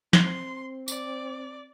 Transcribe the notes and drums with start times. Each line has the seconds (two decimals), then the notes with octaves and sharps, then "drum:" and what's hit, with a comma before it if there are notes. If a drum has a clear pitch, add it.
0.13 C4 C6, drum: snare
0.88 D5, drum: tambourine